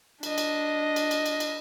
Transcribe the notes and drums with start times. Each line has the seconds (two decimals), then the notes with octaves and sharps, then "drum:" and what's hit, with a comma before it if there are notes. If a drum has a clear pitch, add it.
0.23 D4 D#5, drum: cymbal
0.38 drum: cymbal
0.96 drum: cymbal
1.11 drum: cymbal
1.26 drum: cymbal
1.40 drum: cymbal